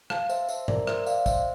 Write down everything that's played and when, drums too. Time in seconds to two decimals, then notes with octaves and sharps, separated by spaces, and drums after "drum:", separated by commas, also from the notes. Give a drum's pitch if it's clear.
0.10 F5 A5, drum: rim click
0.29 C5 E5, drum: tambourine
0.49 C5 E5, drum: tambourine
0.68 A#4 D5, drum: tom G2
0.87 C5 E5, drum: rim click
1.06 D5 F5, drum: tambourine
1.26 C5 E5, drum: kick, tambourine